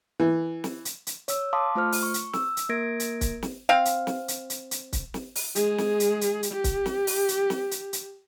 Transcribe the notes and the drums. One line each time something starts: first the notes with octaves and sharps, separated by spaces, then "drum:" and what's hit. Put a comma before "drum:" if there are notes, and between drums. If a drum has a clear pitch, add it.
E3
drum: snare
drum: hi-hat
drum: hi-hat
C#5 E6, drum: hi-hat
F5 A5 C6 D6 D#6
A3 F4 C5 F6
drum: open hi-hat
C#6
drum: hi-hat
E6, drum: snare
drum: hi-hat
A#3 A#4 G#6 A#6 D7
drum: hi-hat
drum: kick, hi-hat
drum: snare
C4 F5
drum: hi-hat
drum: snare
drum: hi-hat
drum: hi-hat
drum: hi-hat
drum: kick, hi-hat
drum: snare
drum: open hi-hat
G#3 G#4, drum: hi-hat
drum: snare
drum: hi-hat
drum: hi-hat
drum: hi-hat
G4
drum: kick, hi-hat
drum: snare
drum: open hi-hat
drum: hi-hat
drum: snare
drum: hi-hat
drum: hi-hat